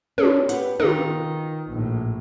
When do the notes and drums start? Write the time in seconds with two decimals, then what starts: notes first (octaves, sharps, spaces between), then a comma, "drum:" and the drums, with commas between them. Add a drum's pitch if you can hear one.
0.18 C#4 D4, drum: tom
0.49 G4 B4 F#5, drum: hi-hat
0.80 D#3 D#4 F4, drum: tom
1.69 A#1 A2